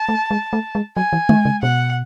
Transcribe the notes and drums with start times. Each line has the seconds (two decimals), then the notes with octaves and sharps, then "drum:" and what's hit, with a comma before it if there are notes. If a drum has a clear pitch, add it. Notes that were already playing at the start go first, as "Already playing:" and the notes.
Already playing: A5
0.09 A3
0.31 G#3
0.53 A3
0.75 G#3
0.96 F#3 G#5
1.13 E3
1.29 D#3, drum: tom G#3
1.45 C#3
1.62 B2 F#5